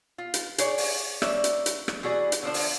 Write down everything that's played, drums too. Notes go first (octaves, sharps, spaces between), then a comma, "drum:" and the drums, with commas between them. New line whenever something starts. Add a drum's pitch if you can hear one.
F4
drum: hi-hat
G#4 C#5 D5, drum: hi-hat
drum: open hi-hat
A#3 C#4 D5 E5, drum: rim click
drum: hi-hat
drum: hi-hat
drum: rim click
E3 F#4 G#4 D5
drum: hi-hat
D3 F3 D4
drum: open hi-hat